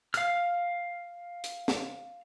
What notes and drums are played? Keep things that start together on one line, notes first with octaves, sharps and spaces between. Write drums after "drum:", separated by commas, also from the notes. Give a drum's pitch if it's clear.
F5 F6, drum: hi-hat
drum: hi-hat
drum: snare